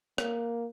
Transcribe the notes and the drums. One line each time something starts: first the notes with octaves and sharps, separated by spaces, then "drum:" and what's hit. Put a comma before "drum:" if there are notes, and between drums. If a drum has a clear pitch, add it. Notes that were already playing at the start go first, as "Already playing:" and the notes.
A#3, drum: rim click